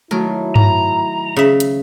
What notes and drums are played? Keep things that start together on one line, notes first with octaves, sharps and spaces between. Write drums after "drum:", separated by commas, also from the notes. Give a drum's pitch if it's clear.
D#3 F#3 A3 E4 A#4
A#5, drum: tom G2
C#3 E5
drum: hi-hat